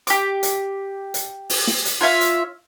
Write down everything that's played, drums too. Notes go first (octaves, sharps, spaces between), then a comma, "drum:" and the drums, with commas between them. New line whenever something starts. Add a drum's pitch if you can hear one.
G4 D6, drum: hi-hat
drum: hi-hat
drum: hi-hat
drum: open hi-hat
drum: snare
drum: hi-hat
F4 C#5 E5 F5
drum: hi-hat